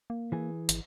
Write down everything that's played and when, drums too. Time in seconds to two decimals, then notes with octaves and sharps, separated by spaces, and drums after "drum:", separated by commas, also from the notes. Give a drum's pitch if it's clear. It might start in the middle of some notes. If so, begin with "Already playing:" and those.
0.10 A#3
0.32 E3 G#4
0.69 G#1, drum: hi-hat